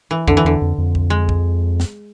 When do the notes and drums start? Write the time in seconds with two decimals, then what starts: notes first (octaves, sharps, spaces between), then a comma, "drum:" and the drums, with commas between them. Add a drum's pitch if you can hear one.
0.11 E3
0.28 F2 D3, drum: kick
0.37 E3
0.44 E2 D3
0.61 F2
0.78 F2
0.95 drum: kick
1.10 G#3
1.29 drum: kick
1.80 drum: snare